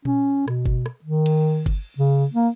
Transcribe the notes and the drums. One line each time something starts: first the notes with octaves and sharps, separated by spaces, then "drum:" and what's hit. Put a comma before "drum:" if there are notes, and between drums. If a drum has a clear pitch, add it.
C#4, drum: tom A#2
B2, drum: rim click
drum: kick G1
drum: rim click
D#3
drum: cymbal
drum: kick G1, cymbal
C#3
A#3